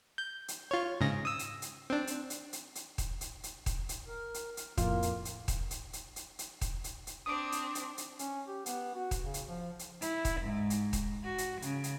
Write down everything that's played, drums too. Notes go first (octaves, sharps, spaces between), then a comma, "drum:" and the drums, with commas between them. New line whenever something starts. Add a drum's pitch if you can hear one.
G6
drum: hi-hat
F4 C#5
G#2 C#3 A#6
D#6 E6
drum: hi-hat
drum: hi-hat
C4 D4
drum: hi-hat
drum: hi-hat
drum: hi-hat
drum: hi-hat
drum: kick D#1, hi-hat
drum: hi-hat
drum: hi-hat
drum: kick D#1, hi-hat
drum: hi-hat
A#4
drum: hi-hat
drum: hi-hat
F2 A2 A#3 F4, drum: kick D#1, hi-hat
drum: hi-hat
drum: hi-hat
drum: kick D#1, hi-hat
drum: hi-hat
drum: hi-hat
drum: hi-hat
drum: hi-hat
drum: kick D#1, hi-hat
drum: hi-hat
drum: hi-hat
C4 D4 D6 D#6
drum: hi-hat
drum: hi-hat
drum: hi-hat
C#4, drum: hi-hat
G4
B3, drum: hi-hat
F#4
drum: kick D#1, hi-hat
C#3
drum: hi-hat
F3
drum: hi-hat
E4, drum: hi-hat
drum: kick D#1, hi-hat
G#2
drum: hi-hat
drum: kick D#1, hi-hat
F#4
drum: hi-hat
C#3, drum: hi-hat
drum: hi-hat